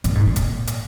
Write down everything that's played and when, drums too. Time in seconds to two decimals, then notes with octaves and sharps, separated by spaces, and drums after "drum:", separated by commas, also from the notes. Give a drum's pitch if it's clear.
0.04 A#2, drum: kick F#1, hi-hat
0.15 G#2
0.26 A#2
0.36 drum: hi-hat
0.67 drum: hi-hat